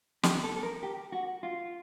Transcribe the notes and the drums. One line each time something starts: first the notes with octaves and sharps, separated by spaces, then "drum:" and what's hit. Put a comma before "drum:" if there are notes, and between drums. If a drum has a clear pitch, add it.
G4, drum: snare
A4
A4
A#4
G4
F#4
F4